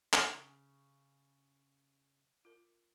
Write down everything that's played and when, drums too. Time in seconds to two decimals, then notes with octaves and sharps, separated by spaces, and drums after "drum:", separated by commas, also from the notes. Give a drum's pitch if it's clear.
0.13 drum: clap
0.31 C#3
2.45 F4 A#4